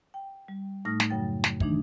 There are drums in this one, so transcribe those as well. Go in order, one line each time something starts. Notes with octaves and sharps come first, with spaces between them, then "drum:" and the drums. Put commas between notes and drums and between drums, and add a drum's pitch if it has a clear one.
G5
G3
A2 A3 D#4 D#6 F6 A#6
drum: snare
F#2 C#3 F#3 G5 A6
drum: snare
D#3 E3 A3 D4 D#4, drum: kick